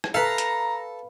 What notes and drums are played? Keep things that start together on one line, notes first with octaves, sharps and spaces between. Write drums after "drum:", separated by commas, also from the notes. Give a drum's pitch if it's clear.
drum: rim click
A4 B4 F5 A#5
drum: hi-hat